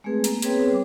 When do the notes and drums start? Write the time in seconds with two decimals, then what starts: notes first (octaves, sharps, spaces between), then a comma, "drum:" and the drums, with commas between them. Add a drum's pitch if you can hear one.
0.04 G#3 A3 C4 G#4 B4
0.24 A#3 B3, drum: hi-hat
0.42 B3 C4 G#4 B4 C#5 G5, drum: hi-hat
0.70 G3 D6